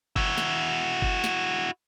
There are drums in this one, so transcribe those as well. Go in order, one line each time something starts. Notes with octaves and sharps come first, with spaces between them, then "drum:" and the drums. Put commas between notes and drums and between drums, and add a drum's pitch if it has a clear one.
E4 F#4, drum: kick G1
drum: snare
drum: kick G1
drum: snare